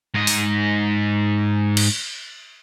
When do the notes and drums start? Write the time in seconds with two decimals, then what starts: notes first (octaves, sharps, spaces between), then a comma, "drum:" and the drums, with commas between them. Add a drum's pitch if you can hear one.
0.14 G#2 D#5
0.27 drum: open hi-hat
1.77 drum: cymbal